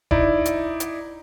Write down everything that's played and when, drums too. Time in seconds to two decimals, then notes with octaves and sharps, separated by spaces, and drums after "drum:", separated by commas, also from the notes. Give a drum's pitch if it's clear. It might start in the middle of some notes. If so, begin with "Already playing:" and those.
0.11 D#4 E4 D5, drum: kick E1
0.45 drum: hi-hat
0.80 drum: hi-hat